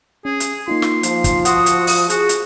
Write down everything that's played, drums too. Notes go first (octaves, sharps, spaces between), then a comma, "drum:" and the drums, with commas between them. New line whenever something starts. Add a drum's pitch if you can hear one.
C#4 G#4
drum: hi-hat
A#3 D#4 F4 C6
drum: snare
F3, drum: hi-hat
drum: kick, hi-hat
F#4 F#5 C6 D#6, drum: hi-hat
drum: hi-hat
drum: open hi-hat
F4 F#4 G#4, drum: hi-hat
drum: hi-hat